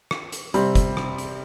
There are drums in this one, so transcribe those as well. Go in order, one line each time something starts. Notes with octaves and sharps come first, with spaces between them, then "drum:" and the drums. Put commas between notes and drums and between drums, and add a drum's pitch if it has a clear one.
drum: rim click
drum: hi-hat
C3 G3 C4, drum: hi-hat
drum: kick, hi-hat
drum: rim click
drum: hi-hat